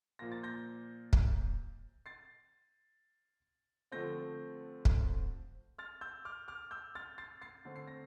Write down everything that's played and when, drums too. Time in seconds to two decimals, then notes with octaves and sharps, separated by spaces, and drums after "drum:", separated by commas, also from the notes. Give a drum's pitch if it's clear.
0.19 A#2 F3 A#3 A#6
0.32 A6
0.43 G6 A#6
1.13 drum: kick
2.06 A6 C7
3.92 D3 F3 A3 C4 G6 A#6
4.85 drum: kick
5.78 F6 A6
6.01 E6 G6
6.25 D6 F6
6.48 D6 F6
6.71 E6 G6
6.95 F6 A6
7.18 A6 C7
7.42 A6 C7
7.65 D3 A3 C4
7.76 C7
7.87 A#6